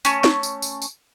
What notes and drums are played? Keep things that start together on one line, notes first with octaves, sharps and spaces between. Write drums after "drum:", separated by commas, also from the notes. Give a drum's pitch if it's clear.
A3 C#4, drum: tambourine
drum: snare
drum: tambourine
drum: tambourine
drum: tambourine